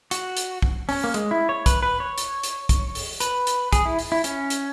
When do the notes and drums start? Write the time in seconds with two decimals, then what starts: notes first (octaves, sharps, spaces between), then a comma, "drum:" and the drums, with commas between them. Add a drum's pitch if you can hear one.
0.11 F#4, drum: hi-hat
0.37 drum: hi-hat
0.62 drum: kick
0.89 C#4, drum: open hi-hat
1.04 A#3
1.14 G#3, drum: hi-hat
1.31 E4
1.49 C#5
1.66 B4, drum: kick, hi-hat
1.83 B4
2.00 C#5
2.18 drum: hi-hat
2.43 drum: hi-hat
2.69 drum: kick, hi-hat
2.95 drum: open hi-hat
3.20 B4, drum: hi-hat
3.47 drum: hi-hat
3.73 G#4, drum: kick, hi-hat
3.85 E4
3.99 drum: open hi-hat
4.12 E4
4.24 C#4, drum: hi-hat
4.50 drum: hi-hat